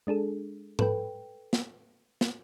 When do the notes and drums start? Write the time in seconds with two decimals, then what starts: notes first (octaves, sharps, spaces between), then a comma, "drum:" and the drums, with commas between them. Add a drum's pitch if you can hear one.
0.07 G#3 D4 G#4 A4
0.79 A4 B4 G5, drum: tom G#2
1.53 drum: snare
2.21 drum: snare